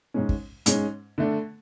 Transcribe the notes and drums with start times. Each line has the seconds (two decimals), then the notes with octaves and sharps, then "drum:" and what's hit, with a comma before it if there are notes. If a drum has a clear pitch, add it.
0.14 G#2 G#3 C#4
0.29 drum: kick
0.66 G#2 G#3 C#4, drum: hi-hat
1.18 D3 A3 D4